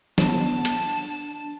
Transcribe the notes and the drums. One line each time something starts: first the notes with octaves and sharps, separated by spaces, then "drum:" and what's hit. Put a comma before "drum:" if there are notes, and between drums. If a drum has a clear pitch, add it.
B3 A5 E7, drum: snare
drum: hi-hat
D4